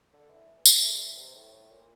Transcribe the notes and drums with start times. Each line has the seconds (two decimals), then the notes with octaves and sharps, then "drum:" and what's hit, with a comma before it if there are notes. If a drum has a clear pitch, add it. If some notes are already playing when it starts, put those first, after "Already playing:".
0.13 D3
0.31 E3
0.65 A#3, drum: tambourine
0.78 A3
0.92 G3
1.04 E3
1.18 C3
1.35 A2
1.52 A2
1.70 A#2